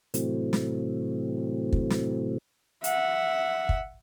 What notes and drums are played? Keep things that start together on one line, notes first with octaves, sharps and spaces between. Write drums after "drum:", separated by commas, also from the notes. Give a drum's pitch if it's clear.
A2 C3 E3 F#3 A3 C4, drum: hi-hat
drum: snare
drum: kick
drum: snare
E5 F#5, drum: hi-hat
drum: kick